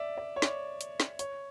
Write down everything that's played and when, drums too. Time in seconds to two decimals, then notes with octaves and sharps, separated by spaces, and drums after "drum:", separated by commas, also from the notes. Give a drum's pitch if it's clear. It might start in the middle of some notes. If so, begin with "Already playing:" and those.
Already playing: D5 E5
0.18 D5
0.36 C#5
0.42 D5, drum: snare
0.81 drum: hi-hat
1.00 drum: snare
1.19 C#5, drum: hi-hat